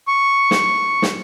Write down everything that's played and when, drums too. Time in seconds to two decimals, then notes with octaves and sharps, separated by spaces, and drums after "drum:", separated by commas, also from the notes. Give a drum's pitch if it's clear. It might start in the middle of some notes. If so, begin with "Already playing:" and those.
0.08 C#6
0.51 drum: snare
1.02 drum: snare